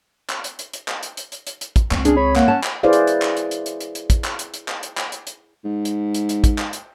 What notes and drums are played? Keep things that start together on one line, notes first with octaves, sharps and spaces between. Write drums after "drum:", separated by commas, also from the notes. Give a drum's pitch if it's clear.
drum: clap
drum: hi-hat
drum: hi-hat
drum: hi-hat
drum: clap
drum: hi-hat
drum: hi-hat
drum: hi-hat
drum: hi-hat
drum: hi-hat
drum: kick, hi-hat
C#2 C4, drum: clap
C#4 D4 G#4, drum: hi-hat
C#5 B5
A#3 F#5, drum: clap
C#4 A5
drum: clap
E4 G#4 B4 C5 D5 F5
drum: hi-hat
drum: hi-hat
drum: clap
drum: hi-hat
drum: hi-hat
drum: hi-hat
drum: hi-hat
drum: hi-hat
drum: kick, hi-hat
drum: clap
drum: hi-hat
drum: hi-hat
drum: clap
drum: hi-hat
drum: clap
drum: hi-hat
drum: hi-hat
G#2
drum: hi-hat
drum: hi-hat
drum: hi-hat
drum: kick, hi-hat
drum: clap
drum: hi-hat